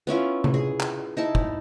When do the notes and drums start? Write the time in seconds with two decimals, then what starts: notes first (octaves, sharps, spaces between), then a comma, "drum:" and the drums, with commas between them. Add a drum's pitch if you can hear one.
0.07 B3 C#4 E4 F4
0.44 drum: tom C3
0.54 G#4
0.80 drum: clap
1.17 D#4 E4 A5
1.35 drum: kick